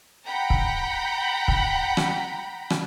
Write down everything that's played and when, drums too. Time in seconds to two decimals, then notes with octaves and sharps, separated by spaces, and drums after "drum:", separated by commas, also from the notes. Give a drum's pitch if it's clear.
0.26 F#5 G5 A#5 B5
0.50 drum: kick
1.48 drum: kick
1.97 drum: rim click
2.70 drum: rim click